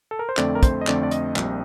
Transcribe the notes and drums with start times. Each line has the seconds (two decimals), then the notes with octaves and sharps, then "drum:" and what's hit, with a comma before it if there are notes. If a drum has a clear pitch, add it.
0.11 A4
0.19 A#4
0.29 C5
0.37 F2 D3 A3 C4 D5, drum: clap
0.55 A#4
0.63 C5, drum: kick, hi-hat
0.81 D#5
0.87 F2 D3 A3 C4 D5, drum: clap
1.03 D5
1.11 D#5, drum: hi-hat
1.36 A#1 A#2 G3 C4, drum: clap